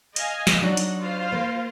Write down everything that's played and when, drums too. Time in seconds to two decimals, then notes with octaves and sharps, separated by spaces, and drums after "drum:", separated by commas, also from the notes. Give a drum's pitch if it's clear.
0.16 D#5 F5 G#5, drum: hi-hat
0.47 drum: snare
0.61 F#3 D4 D#4 F#5
0.77 drum: hi-hat
0.99 F4 C5 F5
1.32 A#3